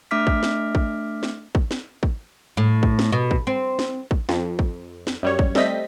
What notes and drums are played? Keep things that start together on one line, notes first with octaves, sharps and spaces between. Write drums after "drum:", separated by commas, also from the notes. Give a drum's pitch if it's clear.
A3 D4 E5 D6 F6 B6
drum: kick
drum: snare
drum: kick
drum: snare
drum: kick
drum: snare
drum: kick
A2
drum: kick
drum: snare
B2
drum: kick
C4
drum: snare
drum: kick
F2, drum: snare
drum: kick
drum: snare
F#2 G3 C#5
drum: kick
G3 A3 C4 D#5 B6, drum: snare